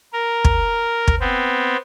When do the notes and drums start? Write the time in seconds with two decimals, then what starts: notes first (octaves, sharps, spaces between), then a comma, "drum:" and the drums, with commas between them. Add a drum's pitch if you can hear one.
0.13 A#4
0.45 drum: kick
1.08 drum: kick
1.20 B3 C4